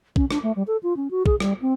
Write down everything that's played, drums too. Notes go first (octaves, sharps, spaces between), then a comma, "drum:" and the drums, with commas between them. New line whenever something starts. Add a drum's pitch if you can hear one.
C#4, drum: kick
D4, drum: rim click
A3
G3
A4
F4
C#4
F#4
G#4, drum: kick
G3, drum: rim click
C4